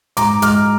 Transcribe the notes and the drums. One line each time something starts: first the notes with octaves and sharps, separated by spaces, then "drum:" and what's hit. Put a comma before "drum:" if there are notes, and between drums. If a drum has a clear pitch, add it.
G#2 A#5 D6, drum: hi-hat
G#3 D6 F6, drum: hi-hat